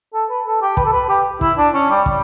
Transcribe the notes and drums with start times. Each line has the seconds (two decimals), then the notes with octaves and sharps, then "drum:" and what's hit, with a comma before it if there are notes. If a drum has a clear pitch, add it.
0.14 A4
0.30 B4
0.46 A4
0.62 G4
0.77 B4, drum: kick
0.85 A4
0.92 B4
1.09 G4
1.41 E4, drum: kick
1.57 D4
1.74 C#4
1.90 G3
2.06 G3, drum: kick